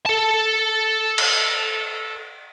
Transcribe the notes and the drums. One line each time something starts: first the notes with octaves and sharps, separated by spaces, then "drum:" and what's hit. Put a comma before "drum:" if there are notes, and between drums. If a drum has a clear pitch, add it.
A4 A5
drum: cymbal